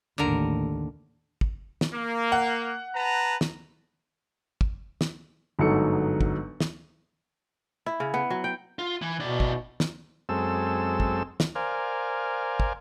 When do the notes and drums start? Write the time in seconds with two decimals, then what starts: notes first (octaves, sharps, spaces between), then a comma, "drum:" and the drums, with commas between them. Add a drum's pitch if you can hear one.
0.18 A1 D#2 D3 A#4
1.41 drum: kick
1.81 drum: snare
1.94 A#3
2.32 F#5
2.95 B4 A5 A#5
3.41 drum: snare
4.61 drum: kick
5.01 drum: snare
5.59 G1 G#2 F#3 D#4 A4 C#7
6.21 drum: kick
6.60 drum: snare
7.86 E4
8.00 C#3
8.14 B3
8.30 F#3
8.44 G5
8.79 F4
9.02 E3
9.20 B2 E4 D5
9.40 drum: kick
9.80 drum: snare
10.29 F#2 G#3 C4 A4 E6
11.00 drum: kick
11.40 drum: snare
11.55 A#4 C5 D5 F5 G#5
12.60 drum: kick